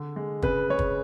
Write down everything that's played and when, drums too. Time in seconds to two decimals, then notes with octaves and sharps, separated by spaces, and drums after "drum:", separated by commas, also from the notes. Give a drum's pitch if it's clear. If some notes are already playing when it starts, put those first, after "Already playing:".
Already playing: D3
0.16 G#3
0.42 C#3 B4, drum: kick
0.70 G#3 C#5
0.79 drum: kick